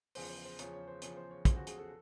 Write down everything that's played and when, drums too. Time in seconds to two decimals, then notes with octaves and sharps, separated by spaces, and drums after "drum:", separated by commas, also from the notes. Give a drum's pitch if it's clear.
0.15 E2 C#3 F3 C5, drum: open hi-hat
0.30 C5
0.45 C5
0.59 E2 C#3 F3 C#5, drum: hi-hat
0.73 C#5
0.88 C5
1.02 E2 C#3 F3 C#5, drum: hi-hat
1.17 C5
1.31 C#5
1.45 E2 C#3 F3 C5, drum: kick, hi-hat
1.56 F#4
1.67 G#4, drum: hi-hat
1.78 A4